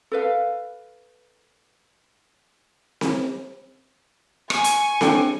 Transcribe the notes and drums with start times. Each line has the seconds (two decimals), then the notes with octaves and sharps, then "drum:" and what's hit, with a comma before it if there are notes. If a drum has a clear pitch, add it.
0.12 A4 B4 F5
3.01 drum: snare C4
4.50 G#5 C#6, drum: rim click
4.64 drum: hi-hat
5.01 D4 A4 G5, drum: snare C4